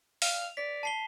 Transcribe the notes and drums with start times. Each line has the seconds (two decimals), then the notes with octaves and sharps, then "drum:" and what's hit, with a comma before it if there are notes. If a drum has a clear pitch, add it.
0.22 F5 F7, drum: open hi-hat
0.57 D5 B6
0.83 A5 C7 G7